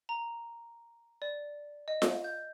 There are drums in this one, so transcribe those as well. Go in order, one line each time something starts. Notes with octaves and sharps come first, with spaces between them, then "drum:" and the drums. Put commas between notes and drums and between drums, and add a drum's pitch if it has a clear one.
A#5
D5
D#5
drum: snare F4
G6